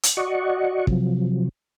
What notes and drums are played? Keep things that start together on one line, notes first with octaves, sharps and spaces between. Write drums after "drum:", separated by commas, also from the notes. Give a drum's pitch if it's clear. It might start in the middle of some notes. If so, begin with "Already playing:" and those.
drum: hi-hat
F#4 D5 D#5 F#5 C#6
C3 F3 F#3, drum: kick